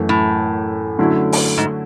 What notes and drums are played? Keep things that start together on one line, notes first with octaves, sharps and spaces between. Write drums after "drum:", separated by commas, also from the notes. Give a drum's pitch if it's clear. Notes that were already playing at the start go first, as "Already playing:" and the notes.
Already playing: F#2 E3 A3
A2
D3 F#3 A3 C#4 E4
drum: open hi-hat
G#2